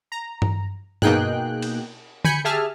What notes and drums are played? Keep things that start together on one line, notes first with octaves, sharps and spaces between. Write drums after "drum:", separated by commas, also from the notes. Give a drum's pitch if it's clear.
A#5
drum: tom G2
B2 A#3 D#4 G#4 G5 F#6, drum: tom G2
drum: cymbal
G#5 B5 G6 C#7, drum: tom D3
G4 G#4 E5 A5 F6